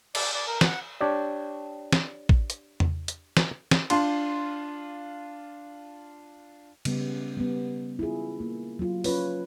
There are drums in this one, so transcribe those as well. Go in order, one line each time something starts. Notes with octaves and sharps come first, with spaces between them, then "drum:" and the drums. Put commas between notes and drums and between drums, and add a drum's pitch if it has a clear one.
D5, drum: cymbal
D5
A#4
F#5, drum: snare
D4 G4 C#5 D5
drum: snare
drum: kick A1
drum: hi-hat
drum: tom E2
drum: hi-hat
drum: snare
drum: snare
D4 F4 C6, drum: cymbal
C#3 G3 B3, drum: cymbal
G3 B3
E4 F4 G#4
A#3
F#3 F4
C#4 F4 B4 C#5, drum: open hi-hat